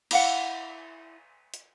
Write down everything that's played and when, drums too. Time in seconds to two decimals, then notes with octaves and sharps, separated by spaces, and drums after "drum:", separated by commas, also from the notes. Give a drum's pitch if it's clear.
0.11 E4 F5 F#5, drum: cymbal
1.54 drum: hi-hat